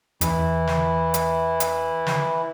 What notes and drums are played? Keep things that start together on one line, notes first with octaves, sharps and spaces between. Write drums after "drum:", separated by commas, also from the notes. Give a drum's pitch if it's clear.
E2 E3 E4, drum: hi-hat
drum: snare
drum: hi-hat
drum: hi-hat
drum: snare